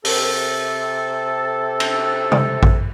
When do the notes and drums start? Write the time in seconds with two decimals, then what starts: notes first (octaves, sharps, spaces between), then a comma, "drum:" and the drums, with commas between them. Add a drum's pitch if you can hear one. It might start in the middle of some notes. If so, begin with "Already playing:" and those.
0.05 C3 A4, drum: open hi-hat
1.80 drum: cymbal
2.32 drum: tom
2.63 drum: kick A1